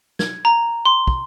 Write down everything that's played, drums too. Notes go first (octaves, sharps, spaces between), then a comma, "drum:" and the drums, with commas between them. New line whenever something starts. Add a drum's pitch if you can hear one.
G#6, drum: snare
A#5
C6
drum: kick